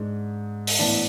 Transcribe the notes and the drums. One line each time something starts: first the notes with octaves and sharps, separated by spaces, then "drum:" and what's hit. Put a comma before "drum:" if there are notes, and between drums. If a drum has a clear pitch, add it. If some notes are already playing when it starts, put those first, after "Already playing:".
Already playing: G#2 G#3 D4
drum: open hi-hat
A2 E3 B3 D4 A5